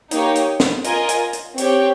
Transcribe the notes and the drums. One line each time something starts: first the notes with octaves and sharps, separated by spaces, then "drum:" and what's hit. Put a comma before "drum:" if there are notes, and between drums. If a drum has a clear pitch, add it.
A#3 D#4 G4 C#5, drum: hi-hat
drum: hi-hat
drum: snare
F4 A#4 D#5 G#5, drum: hi-hat
drum: hi-hat
drum: hi-hat
C4 G4 C#5 G5, drum: hi-hat